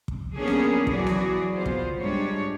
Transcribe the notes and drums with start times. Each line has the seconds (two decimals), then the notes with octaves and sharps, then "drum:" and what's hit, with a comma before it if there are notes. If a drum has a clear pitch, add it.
0.08 drum: kick
0.36 A#3 B3 C#4 D4 G#4
0.47 drum: snare B3
0.87 E3 F#3 F#4 G#4 D5, drum: kick
1.07 drum: snare B3
1.55 B3 F4 C5
1.66 drum: kick
1.99 G#2 G3 D4 C#5